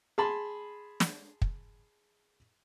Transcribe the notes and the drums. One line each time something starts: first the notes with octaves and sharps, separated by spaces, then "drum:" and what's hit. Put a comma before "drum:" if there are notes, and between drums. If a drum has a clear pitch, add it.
G#4 A5 B5 C6
drum: snare
drum: kick